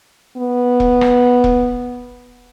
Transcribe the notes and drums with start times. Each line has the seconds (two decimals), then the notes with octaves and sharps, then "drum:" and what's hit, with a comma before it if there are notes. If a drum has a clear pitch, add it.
0.37 B3
0.80 drum: kick E1
1.01 drum: rim click
1.44 drum: kick E1